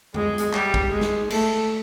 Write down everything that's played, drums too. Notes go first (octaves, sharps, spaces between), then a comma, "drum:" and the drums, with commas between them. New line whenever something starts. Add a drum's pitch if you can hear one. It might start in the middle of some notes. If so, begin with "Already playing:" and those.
G#3, drum: tom
drum: hi-hat
G3, drum: clap
drum: kick
G#3
drum: snare
A3, drum: cymbal